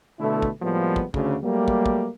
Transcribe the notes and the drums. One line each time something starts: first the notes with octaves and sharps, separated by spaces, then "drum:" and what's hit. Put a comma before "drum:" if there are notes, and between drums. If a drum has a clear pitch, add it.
B2 D3 A3 E4
drum: kick
A2 F3 G3 G#3 A#3 B3
drum: kick
D2 C#3, drum: kick
F#3 G3 A3 A#3
drum: kick
drum: kick